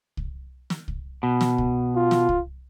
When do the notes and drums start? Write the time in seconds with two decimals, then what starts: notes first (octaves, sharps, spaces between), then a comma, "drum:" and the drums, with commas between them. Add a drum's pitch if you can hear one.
0.17 drum: kick C2
0.70 drum: snare
0.88 drum: kick C2
1.23 B2
1.41 drum: snare
1.58 drum: kick C2
1.96 F4
2.11 drum: snare
2.29 drum: kick C2